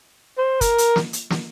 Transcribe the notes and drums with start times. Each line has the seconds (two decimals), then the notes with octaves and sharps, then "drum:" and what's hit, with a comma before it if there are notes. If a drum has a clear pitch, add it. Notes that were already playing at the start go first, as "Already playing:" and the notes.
0.38 C5
0.61 A#4, drum: kick, hi-hat
0.78 drum: hi-hat
0.96 drum: snare
1.13 drum: hi-hat
1.30 drum: snare